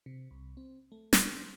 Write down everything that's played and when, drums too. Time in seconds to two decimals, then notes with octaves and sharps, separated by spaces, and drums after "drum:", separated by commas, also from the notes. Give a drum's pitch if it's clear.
0.06 C3
0.31 C2
0.57 C4
0.92 A3
1.13 C6, drum: snare